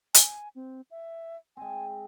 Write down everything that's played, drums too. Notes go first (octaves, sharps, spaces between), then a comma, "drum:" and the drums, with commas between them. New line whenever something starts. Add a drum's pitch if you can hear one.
G#5, drum: hi-hat
C4
E5
G#3 C4 G#5